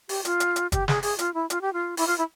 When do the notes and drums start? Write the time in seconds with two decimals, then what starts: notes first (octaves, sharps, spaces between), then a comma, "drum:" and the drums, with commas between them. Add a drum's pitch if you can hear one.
0.09 G4, drum: open hi-hat
0.25 F4, drum: hi-hat
0.40 drum: hi-hat
0.56 drum: hi-hat
0.72 G4, drum: kick, hi-hat
0.88 G#4, drum: snare
1.03 G#4, drum: open hi-hat
1.19 F4, drum: hi-hat
1.34 E4
1.50 F4, drum: hi-hat
1.61 G4
1.73 F4
1.97 E4, drum: open hi-hat
2.07 F4
2.18 E4